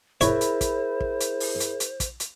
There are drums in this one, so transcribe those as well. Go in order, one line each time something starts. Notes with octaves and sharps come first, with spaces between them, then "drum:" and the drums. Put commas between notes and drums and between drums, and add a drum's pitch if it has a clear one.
E4 G#4 A#4 C5 C#5 E5, drum: hi-hat
drum: hi-hat
drum: kick, hi-hat
drum: kick
drum: hi-hat
drum: open hi-hat
drum: hi-hat
drum: hi-hat
drum: kick, hi-hat
drum: hi-hat